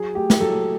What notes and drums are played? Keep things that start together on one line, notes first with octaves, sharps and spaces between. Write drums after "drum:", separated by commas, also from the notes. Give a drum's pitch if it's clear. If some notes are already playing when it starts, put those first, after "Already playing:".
Already playing: F#3 G#4
A3 G4
drum: snare
F#3 A4